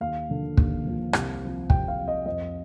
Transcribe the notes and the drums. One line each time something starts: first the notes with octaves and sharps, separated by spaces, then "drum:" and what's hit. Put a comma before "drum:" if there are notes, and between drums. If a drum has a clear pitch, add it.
D#2 F5
D3 F3 A#3
D#2, drum: kick
D3 F3 A#3
C2, drum: rim click
C3 F3
C2 G5, drum: kick
F5
C3 F3
D#5
F2 D#5